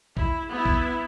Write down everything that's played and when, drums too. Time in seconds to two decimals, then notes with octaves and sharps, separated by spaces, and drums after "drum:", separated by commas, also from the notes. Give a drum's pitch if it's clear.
0.17 E4, drum: kick A#1
0.50 B3 E4
0.66 drum: kick A#1